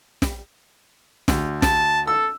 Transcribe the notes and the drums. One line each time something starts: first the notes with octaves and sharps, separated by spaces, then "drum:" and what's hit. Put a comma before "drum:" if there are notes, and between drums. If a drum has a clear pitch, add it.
drum: snare
D2, drum: snare
A5, drum: snare
A4 E6